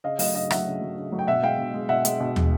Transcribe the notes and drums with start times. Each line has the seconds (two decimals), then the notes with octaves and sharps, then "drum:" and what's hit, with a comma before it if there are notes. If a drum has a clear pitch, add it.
0.04 C#3 D#5 F5
0.19 F#3 A3 D#5 F5, drum: open hi-hat
0.34 C#3 D#5 F5
0.51 F#3 A3 E5 F#5, drum: rim click
0.66 C#3
0.81 F#3 A3
0.97 C#3
1.12 F#3 A3
1.19 G5
1.27 B2 E5 F#5
1.42 G#3 F5 G5
1.58 B2
1.74 G#3
1.89 B2 E5 F#5
2.05 G#3, drum: hi-hat
2.20 B2
2.36 G#3, drum: tom